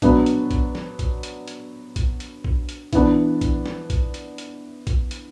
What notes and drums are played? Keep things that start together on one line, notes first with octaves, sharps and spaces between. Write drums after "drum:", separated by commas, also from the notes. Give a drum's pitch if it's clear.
F#3 B3 D4, drum: kick A#1, hi-hat
drum: hi-hat
drum: kick A#1, hi-hat
drum: snare
drum: kick A#1, hi-hat
drum: hi-hat
drum: hi-hat
drum: kick A#1, hi-hat
drum: hi-hat
drum: kick A#1
drum: hi-hat
E3 B3 D4, drum: kick A#1, hi-hat
drum: kick A#1, hi-hat
drum: snare
drum: kick A#1, hi-hat
drum: hi-hat
drum: hi-hat
drum: kick A#1, hi-hat
drum: hi-hat